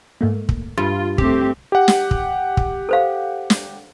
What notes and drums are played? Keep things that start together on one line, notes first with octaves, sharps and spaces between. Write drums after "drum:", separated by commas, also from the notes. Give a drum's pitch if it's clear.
G#2 A3 A#3
drum: kick
G2 F4
A3 C4 G4, drum: kick
G4 F#5
drum: snare
drum: kick
drum: kick
A4 C5 F5
drum: snare